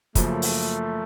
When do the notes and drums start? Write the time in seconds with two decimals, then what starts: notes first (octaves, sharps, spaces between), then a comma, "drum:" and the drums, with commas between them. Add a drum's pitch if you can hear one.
0.15 F#2 C#3 F3 A3 A#3, drum: kick, hi-hat
0.42 drum: open hi-hat